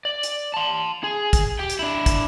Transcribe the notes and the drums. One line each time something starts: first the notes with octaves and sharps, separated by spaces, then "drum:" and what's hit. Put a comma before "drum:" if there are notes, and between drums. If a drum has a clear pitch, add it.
D5
drum: hi-hat
A5 C6
G#4
drum: kick, hi-hat
G4 G5
drum: hi-hat
D4 E4
drum: kick, hi-hat